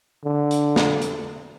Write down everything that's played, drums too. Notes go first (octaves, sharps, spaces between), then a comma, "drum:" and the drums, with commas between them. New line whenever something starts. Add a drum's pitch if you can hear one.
D3
drum: hi-hat
drum: snare
drum: hi-hat